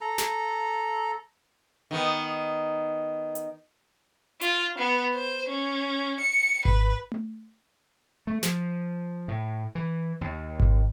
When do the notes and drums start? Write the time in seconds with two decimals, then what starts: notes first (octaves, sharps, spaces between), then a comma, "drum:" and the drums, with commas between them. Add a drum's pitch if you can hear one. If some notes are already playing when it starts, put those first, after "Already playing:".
0.01 A4 A#5
0.18 drum: snare
1.91 D#3 B3
3.35 drum: hi-hat
4.41 F4, drum: hi-hat
4.78 B3
5.14 C5
5.48 C#4
6.20 C#7
6.65 B4, drum: kick G#1
7.12 drum: tom A3
8.27 A3
8.43 F3, drum: snare
9.28 A2
9.75 E3
10.21 D#2
10.60 drum: kick G#1